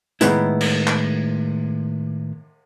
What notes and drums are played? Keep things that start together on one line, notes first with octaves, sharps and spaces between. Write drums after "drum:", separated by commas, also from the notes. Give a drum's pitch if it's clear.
A2 D#3 G#3 B3 E4, drum: hi-hat
drum: cymbal
drum: clap